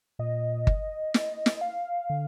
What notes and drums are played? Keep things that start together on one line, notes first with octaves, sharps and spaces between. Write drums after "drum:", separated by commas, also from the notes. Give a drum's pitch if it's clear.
A#2 D#5
drum: kick G1
drum: snare
drum: snare
F5
D3